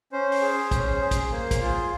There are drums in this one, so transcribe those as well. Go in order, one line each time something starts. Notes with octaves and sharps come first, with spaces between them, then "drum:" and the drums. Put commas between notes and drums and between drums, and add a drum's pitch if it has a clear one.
C#4 C5
drum: open hi-hat
G#4
C#4 C5, drum: kick, hi-hat
G#4
drum: kick, hi-hat
A#3 C5
drum: kick, hi-hat
F4 G#4